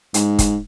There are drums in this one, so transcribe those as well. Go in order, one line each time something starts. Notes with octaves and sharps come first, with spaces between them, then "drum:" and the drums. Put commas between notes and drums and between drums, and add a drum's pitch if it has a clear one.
G#2, drum: hi-hat
drum: kick, hi-hat